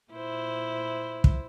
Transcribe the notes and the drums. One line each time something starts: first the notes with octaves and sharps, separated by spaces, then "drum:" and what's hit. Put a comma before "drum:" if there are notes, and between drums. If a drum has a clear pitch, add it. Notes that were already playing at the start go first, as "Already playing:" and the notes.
A#2 E4 C5
drum: kick